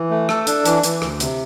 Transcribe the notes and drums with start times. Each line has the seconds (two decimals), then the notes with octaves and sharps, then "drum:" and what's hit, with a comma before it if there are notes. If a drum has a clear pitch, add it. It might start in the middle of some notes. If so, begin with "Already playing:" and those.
Already playing: E3
0.10 A3
0.29 A4, drum: rim click
0.47 D4, drum: hi-hat
0.65 E3, drum: hi-hat
0.83 E3, drum: hi-hat
1.02 D2, drum: rim click
1.20 C3, drum: hi-hat